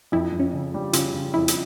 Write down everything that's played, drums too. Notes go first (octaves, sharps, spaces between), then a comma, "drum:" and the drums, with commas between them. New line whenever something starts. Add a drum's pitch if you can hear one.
F2 E4
F2
C#4
C#3
G3
C#3 F4, drum: hi-hat
C#3
F2 E4
drum: hi-hat